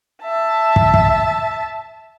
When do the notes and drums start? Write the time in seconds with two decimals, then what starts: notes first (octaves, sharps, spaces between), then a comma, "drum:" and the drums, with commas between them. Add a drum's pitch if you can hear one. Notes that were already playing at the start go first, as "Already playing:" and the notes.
0.23 E5 A5
0.76 drum: kick
0.94 drum: kick